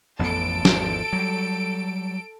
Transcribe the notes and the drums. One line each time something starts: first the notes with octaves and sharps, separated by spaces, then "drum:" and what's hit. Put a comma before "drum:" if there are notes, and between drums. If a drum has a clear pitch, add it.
A1 F2 B3 A4 D7
G#1 E2 F3, drum: snare
F#3 G3